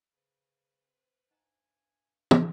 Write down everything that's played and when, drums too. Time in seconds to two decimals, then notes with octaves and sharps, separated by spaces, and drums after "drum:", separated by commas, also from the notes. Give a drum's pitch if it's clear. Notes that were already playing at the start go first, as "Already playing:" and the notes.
0.13 C#3 B4 C5
0.83 C4
1.31 G2 D#4 F#5 G#5 A5
2.31 drum: tom